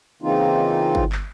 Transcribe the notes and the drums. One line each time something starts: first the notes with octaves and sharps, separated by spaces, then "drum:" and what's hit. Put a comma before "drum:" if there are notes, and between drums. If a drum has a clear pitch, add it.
C#3 E3 A#3 C4 D#4 F4
drum: kick G1
drum: clap